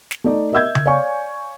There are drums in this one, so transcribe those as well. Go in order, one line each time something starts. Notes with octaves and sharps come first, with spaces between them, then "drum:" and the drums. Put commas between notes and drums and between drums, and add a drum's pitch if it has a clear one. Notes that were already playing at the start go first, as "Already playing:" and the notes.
drum: snare
A3 D#4 D5
A#4 D#5 E5 E6 G6 G#6
drum: tom C#3
C#5 D5 F5 G#5 C#6